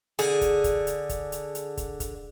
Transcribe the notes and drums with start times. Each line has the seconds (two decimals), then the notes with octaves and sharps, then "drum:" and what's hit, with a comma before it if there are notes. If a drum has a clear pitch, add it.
0.19 D3 G#4, drum: hi-hat
0.41 drum: kick, hi-hat
0.64 drum: kick, hi-hat
0.87 drum: hi-hat
1.09 drum: kick, hi-hat
1.32 drum: hi-hat
1.55 drum: hi-hat
1.77 drum: kick, hi-hat
2.00 drum: kick, hi-hat